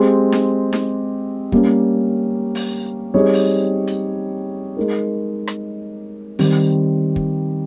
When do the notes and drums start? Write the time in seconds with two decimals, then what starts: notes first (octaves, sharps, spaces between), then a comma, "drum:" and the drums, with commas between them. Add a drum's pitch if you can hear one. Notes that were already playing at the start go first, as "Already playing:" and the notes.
Already playing: G#3 C4 G4
0.32 drum: snare D#4
0.73 drum: snare D#4
1.52 G3 A#3 C#4, drum: kick
2.55 drum: open hi-hat
3.14 G3 C4 D#4 G#4 C#5
3.33 drum: open hi-hat
3.87 drum: hi-hat
4.77 G#3 D#4 A#4
5.47 drum: rim click
6.39 D#3 G3 C4, drum: open hi-hat
7.16 drum: kick